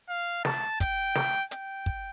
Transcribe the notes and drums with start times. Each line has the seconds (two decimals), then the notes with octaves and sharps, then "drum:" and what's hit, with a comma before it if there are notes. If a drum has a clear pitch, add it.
0.09 F5
0.45 A5, drum: snare
0.80 G5, drum: kick, hi-hat
1.15 drum: snare
1.51 G5, drum: hi-hat
1.86 drum: kick